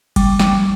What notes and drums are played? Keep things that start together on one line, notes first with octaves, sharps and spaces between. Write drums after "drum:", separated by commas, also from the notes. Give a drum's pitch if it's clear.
G3, drum: kick G1, cymbal
G3, drum: snare